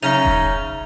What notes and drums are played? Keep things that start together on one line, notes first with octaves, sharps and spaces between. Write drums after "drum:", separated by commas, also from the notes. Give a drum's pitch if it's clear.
C#3 F#3 C#4 D#4 E5 F6 F7
drum: kick E1